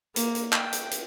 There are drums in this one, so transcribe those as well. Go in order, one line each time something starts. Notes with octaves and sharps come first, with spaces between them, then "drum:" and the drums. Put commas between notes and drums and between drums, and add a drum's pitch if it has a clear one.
A#3, drum: hi-hat
drum: hi-hat
G5, drum: clap
drum: hi-hat
drum: hi-hat